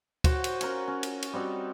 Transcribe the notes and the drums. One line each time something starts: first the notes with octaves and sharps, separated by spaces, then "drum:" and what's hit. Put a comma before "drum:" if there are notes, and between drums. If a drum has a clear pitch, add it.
F#4 C5 C#5 F#5, drum: kick, cymbal
drum: cymbal
C#4 A#4 F#5 G#5, drum: cymbal
C#4
drum: cymbal
drum: cymbal
G3 C4 F#4 D#5